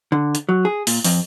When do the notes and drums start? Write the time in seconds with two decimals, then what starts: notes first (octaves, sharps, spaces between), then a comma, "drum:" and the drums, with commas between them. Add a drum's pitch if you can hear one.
0.12 D3
0.35 drum: hi-hat
0.49 F#3
0.65 G#4
0.87 A#2, drum: open hi-hat
1.04 F2, drum: open hi-hat